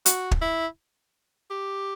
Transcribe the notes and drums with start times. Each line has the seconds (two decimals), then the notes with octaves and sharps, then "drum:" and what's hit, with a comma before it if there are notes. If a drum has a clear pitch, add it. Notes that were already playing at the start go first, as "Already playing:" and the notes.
0.06 F#4, drum: hi-hat
0.31 drum: kick
0.41 E4
1.50 G4